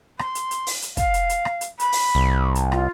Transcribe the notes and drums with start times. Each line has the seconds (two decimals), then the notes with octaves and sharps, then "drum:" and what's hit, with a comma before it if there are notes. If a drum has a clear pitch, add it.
0.19 C6, drum: rim click
0.35 drum: hi-hat
0.51 drum: hi-hat
0.67 drum: open hi-hat
0.82 drum: hi-hat
0.97 F5, drum: kick, hi-hat
1.14 drum: hi-hat
1.29 drum: hi-hat
1.45 drum: rim click
1.61 drum: hi-hat
1.80 B5, drum: hi-hat
1.92 drum: open hi-hat
2.15 C2
2.55 drum: hi-hat
2.72 F4, drum: rim click